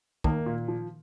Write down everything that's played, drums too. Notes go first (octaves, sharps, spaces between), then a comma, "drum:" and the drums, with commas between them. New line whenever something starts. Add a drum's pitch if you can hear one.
D#3 A#3, drum: kick
A#2
F3